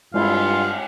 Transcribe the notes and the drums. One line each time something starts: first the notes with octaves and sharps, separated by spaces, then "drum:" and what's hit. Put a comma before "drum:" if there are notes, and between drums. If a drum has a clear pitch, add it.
G2 G#3 E4 F4 F5, drum: cymbal